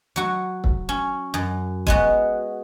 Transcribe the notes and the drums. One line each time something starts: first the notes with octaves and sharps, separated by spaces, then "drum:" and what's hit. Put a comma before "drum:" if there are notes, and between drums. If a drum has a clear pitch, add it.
F#3 F#4
drum: kick
C#4
F#2
G#3 B3 F#4, drum: kick